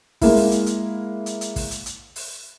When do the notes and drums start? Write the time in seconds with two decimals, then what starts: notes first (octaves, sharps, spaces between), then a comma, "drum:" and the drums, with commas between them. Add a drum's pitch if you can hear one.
0.21 G#3 A#3 E4, drum: kick, open hi-hat
0.36 drum: open hi-hat
0.51 drum: hi-hat
0.66 drum: hi-hat
1.26 drum: hi-hat
1.41 drum: hi-hat
1.56 drum: kick, open hi-hat
1.71 drum: hi-hat
1.86 drum: hi-hat
2.16 drum: open hi-hat